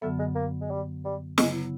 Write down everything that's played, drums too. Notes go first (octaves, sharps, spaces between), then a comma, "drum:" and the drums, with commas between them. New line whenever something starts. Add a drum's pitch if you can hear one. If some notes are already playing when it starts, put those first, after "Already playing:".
F#2 D3 F#3 A3 B3
G#3
A#3
G#3
G3
G3
C#3 F#3 G#3 B3 E4, drum: snare